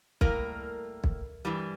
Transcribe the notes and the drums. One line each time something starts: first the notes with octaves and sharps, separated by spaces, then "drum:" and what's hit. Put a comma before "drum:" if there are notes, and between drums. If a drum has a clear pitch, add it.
A2 G3 A#3 A#4, drum: kick B1
drum: kick B1
G2 E3 G3